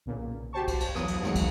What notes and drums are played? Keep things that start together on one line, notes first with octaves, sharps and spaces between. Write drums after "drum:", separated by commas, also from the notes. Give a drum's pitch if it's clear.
B1 A#2 C#3
F#4 G4 C5 A5 C#6
C5, drum: kick, cymbal
drum: cymbal
B1 E2 F#3 D#6, drum: rim click
drum: cymbal
E2 A2 D#3 F#3 G#3 C#7, drum: rim click
drum: kick, cymbal